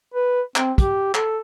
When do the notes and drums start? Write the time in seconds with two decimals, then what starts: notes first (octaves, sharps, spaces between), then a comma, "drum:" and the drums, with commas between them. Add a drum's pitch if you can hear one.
0.14 B4
0.56 C4, drum: clap
0.78 G4, drum: kick, hi-hat
1.14 A4, drum: clap